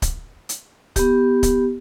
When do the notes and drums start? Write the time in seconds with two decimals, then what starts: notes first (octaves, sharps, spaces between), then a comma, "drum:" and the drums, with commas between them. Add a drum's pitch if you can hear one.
0.02 drum: kick D1, hi-hat
0.49 drum: hi-hat
0.96 B3 G4, drum: kick D1, hi-hat
1.43 drum: kick D1, hi-hat